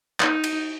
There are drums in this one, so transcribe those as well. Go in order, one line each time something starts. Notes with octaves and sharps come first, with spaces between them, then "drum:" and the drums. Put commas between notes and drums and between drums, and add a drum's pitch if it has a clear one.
D#4, drum: clap
drum: cymbal